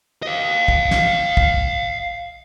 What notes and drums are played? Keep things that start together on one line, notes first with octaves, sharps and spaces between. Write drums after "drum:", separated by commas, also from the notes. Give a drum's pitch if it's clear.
D#5 F5
drum: kick
drum: snare
drum: kick